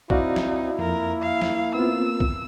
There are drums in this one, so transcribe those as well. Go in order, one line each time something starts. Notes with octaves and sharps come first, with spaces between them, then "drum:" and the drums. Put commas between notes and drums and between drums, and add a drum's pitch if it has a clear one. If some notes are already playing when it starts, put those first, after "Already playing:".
C4 D#4 E4 F#4 D5 F5, drum: kick
drum: snare
F2 A#3 A#4
F5
drum: snare
B3 C4 F4 E6
drum: kick